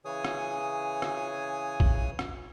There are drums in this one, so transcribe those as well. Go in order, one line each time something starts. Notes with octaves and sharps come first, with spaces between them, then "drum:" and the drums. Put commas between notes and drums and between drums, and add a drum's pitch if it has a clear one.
C#3 E3 G#4 C#5 G#5 D#6
drum: rim click
drum: rim click
drum: kick
drum: rim click